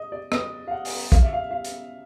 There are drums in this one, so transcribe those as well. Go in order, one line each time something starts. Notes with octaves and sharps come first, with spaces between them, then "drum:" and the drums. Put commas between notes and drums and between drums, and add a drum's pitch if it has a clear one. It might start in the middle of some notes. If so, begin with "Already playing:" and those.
Already playing: D#5
D5
D#5, drum: rim click
F5
F#5
drum: open hi-hat
F5, drum: kick, hi-hat
E5
F5
F5
drum: hi-hat